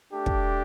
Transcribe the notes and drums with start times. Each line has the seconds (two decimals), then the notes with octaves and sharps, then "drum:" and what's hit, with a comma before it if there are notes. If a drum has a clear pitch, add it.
0.11 A3 D4 G4
0.26 drum: kick